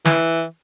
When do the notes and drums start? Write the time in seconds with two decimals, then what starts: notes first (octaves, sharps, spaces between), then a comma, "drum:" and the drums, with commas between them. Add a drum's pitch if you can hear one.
0.05 E3, drum: snare